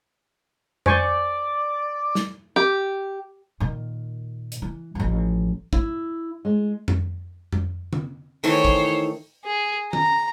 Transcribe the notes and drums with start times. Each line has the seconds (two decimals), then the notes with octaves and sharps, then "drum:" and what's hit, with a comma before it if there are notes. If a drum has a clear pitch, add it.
0.86 C5 D5 G#5 C#6, drum: tom F2
2.15 drum: snare
2.56 G4
3.60 A#2 D#3
4.52 drum: hi-hat
4.62 E3
4.95 A1 F3
5.73 E4, drum: kick
6.45 G#3
6.88 drum: tom F2
7.52 drum: tom F2
7.93 drum: tom D3
8.44 D#3 E3 A3 C5 C#5, drum: open hi-hat
8.65 drum: kick
9.45 G#4
9.93 A#5, drum: tom D#3